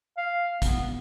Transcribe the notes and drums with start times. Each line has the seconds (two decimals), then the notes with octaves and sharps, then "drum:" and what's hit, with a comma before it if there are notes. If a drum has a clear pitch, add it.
0.17 F5
0.62 B3, drum: kick, hi-hat